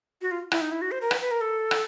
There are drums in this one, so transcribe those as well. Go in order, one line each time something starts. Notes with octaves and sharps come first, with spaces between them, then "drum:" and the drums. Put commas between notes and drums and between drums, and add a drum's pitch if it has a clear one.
F#4
F4
E4, drum: rim click
D#4
E4
F#4
C5
A#4
B4, drum: rim click
B4
A#4
A4
drum: rim click